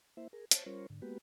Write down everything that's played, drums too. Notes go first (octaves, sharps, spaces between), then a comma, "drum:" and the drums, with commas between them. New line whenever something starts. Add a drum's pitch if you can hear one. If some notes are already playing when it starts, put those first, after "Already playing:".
A#3 E4 C5 E5
G#4 A#4
C5 C#5 A5, drum: hi-hat
G3 C#4 F4 A#4 C5 C#5
G#2 D3
G#3 A#3 B3 F#4 G4 B4